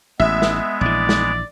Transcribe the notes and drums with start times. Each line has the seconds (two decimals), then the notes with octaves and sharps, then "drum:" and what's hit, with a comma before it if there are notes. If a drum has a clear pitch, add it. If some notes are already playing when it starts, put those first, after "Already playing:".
0.20 A1 G#3 B3 E5
0.42 drum: snare
0.81 A#1 E3 D5
1.09 drum: snare